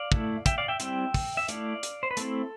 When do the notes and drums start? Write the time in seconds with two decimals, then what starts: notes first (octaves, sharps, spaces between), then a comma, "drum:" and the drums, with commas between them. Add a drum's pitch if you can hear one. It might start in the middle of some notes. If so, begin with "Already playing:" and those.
Already playing: D5 F5
0.12 A3 E4, drum: kick
0.46 E5 G5, drum: kick, hi-hat
0.58 D5 F5
0.68 E5 G5
0.80 G3 C4 E4 E5 G5, drum: hi-hat
1.14 drum: kick, open hi-hat
1.37 E5
1.48 A3 E4 D5 F5, drum: hi-hat
1.83 drum: hi-hat
2.03 C5
2.11 B4
2.17 A3 C4 E4 A4, drum: hi-hat